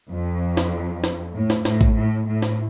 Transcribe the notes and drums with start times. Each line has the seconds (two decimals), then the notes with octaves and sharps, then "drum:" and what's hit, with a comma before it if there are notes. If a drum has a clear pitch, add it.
0.11 F2
0.57 drum: snare
1.04 drum: snare
1.34 A2
1.50 drum: snare
1.65 A2, drum: snare
1.81 drum: kick A1
1.96 A2
2.27 A2
2.42 drum: snare